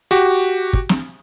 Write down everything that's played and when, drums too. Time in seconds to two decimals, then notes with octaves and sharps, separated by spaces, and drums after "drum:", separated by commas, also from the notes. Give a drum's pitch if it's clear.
0.11 F#4 G4
0.73 drum: kick
0.89 drum: snare